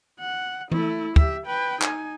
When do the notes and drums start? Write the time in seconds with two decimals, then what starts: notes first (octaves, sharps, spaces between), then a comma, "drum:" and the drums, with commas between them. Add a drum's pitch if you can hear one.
0.20 F#5
0.72 A3 E4, drum: tom E3
1.16 G4 E5, drum: kick
1.46 B4 G5
1.82 D#4 G#5, drum: clap